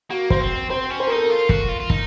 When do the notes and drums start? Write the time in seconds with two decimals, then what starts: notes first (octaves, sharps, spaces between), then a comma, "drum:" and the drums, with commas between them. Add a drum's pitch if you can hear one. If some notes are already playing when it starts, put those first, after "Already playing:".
0.10 A#3 F#4
0.30 A#3 C5, drum: kick
0.40 C4
0.70 C4 C5
0.90 C#4
1.00 C5
1.07 A#4
1.10 D#4
1.15 A4
1.23 A#4
1.30 F4
1.49 F#4, drum: kick
1.69 F4
1.80 F4
1.90 D#4, drum: kick